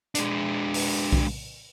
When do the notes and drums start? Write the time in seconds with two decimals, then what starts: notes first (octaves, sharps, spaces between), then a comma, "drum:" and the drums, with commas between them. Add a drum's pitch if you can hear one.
0.15 G#3 D4, drum: hi-hat
0.74 drum: open hi-hat
1.13 drum: kick B1